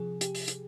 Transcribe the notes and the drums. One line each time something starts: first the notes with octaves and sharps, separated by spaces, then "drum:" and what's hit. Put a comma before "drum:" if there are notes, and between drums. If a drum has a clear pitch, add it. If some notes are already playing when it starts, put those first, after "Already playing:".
Already playing: C3 F3 G#4
G4, drum: hi-hat
drum: open hi-hat
drum: hi-hat